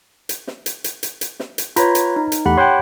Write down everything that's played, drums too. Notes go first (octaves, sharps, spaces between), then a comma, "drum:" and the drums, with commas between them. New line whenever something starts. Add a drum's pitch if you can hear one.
drum: hi-hat
drum: snare
drum: hi-hat
drum: hi-hat
drum: hi-hat
drum: hi-hat
drum: snare
drum: hi-hat
F4 B4 C#5 A#5 B5, drum: hi-hat
drum: hi-hat
D#4
drum: hi-hat
E2 A3 G4 F#5 B5
C#5 G5 C6 F#6 G6